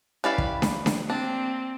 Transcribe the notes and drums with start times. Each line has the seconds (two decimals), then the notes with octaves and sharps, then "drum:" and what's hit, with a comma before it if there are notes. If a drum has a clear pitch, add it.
0.24 C#4 E4 G4 B4 D5 F5
0.38 drum: kick
0.62 drum: snare D4
0.86 drum: snare D4
1.10 A#3 C4 D4